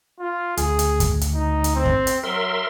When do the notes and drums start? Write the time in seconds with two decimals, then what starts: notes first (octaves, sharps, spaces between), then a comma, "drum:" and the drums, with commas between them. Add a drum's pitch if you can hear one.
0.20 F4
0.57 D2 G#4, drum: hi-hat
0.79 drum: hi-hat
1.00 drum: kick, hi-hat
1.21 drum: hi-hat
1.34 D#4
1.64 drum: hi-hat
1.75 C4
1.85 drum: kick
2.07 drum: hi-hat
2.24 F#3 A#4 E5 C6